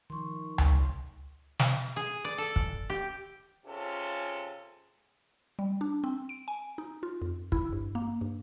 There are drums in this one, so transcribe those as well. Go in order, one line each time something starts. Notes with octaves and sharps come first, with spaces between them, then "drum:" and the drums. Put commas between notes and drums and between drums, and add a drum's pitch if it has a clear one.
D#3 F3 C6 C#6
drum: tom C#2
drum: snare
G#4
D5
A4
drum: kick
G4
C3 C#4 F4 G#4 A4
G3
D4
C4
D7
G#5
D#4
F4
F2
E4, drum: kick
G2
A#3
G2